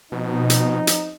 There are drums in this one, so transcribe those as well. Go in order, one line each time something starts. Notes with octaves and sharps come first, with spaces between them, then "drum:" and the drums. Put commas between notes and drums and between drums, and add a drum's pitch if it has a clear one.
B2 F3 C4 D#4
drum: hi-hat
drum: hi-hat